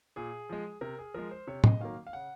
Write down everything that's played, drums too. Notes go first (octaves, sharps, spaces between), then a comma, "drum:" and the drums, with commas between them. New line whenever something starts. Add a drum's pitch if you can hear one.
A#2 G#4
F3 G#3
C3 A#4
G#4
F3 G#3 A#4
C5
C3 C#5
D#5, drum: tom
D#3 F#3 A#3 F5
F5
C#3 F#5